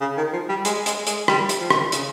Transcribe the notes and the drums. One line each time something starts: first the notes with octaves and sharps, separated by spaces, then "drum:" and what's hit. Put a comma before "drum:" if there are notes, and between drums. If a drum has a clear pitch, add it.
C#3
D#3
F3
G3
G#3, drum: hi-hat
G#3, drum: hi-hat
G#3, drum: hi-hat
G3, drum: rim click
drum: hi-hat
F3
drum: rim click
C#3, drum: hi-hat